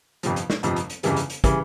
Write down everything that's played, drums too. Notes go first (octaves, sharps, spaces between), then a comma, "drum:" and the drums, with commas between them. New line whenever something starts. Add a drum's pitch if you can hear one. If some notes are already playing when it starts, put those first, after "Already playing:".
G1 F2 C3 F3, drum: hi-hat
drum: hi-hat
drum: snare
G1 F2 C3 F3, drum: hi-hat
drum: hi-hat
drum: hi-hat
G1 F2 C#3 E3 G3, drum: hi-hat
drum: hi-hat
drum: hi-hat
C#3 E3 G3, drum: kick, hi-hat